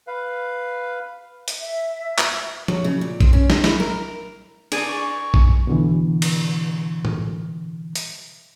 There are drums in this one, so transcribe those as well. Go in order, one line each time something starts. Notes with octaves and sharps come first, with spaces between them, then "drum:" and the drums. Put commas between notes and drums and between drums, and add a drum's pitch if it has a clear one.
B4 F5
drum: hi-hat
E5
drum: clap
F#3, drum: tom F3
C#3
A#2
C4, drum: kick A#1
C#4
D#3, drum: snare
E4, drum: snare
A#4
D4 G#4 D5 G#5, drum: cymbal
C#6
drum: kick A#1
B2 D3 E3
drum: cymbal
drum: tom A2
drum: hi-hat